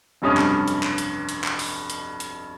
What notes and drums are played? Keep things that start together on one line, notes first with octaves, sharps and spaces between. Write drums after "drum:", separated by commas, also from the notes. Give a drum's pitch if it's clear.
F1 B1 G2 C#4 D#6 F6
drum: clap
drum: hi-hat
drum: clap
drum: hi-hat
drum: hi-hat
drum: clap
drum: open hi-hat
drum: hi-hat
drum: hi-hat